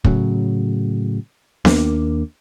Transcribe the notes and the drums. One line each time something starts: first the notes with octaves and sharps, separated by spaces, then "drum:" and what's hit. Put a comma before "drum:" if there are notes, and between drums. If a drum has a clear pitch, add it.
A2 C#3 F#3, drum: kick
D#2 A#3 D4, drum: snare B3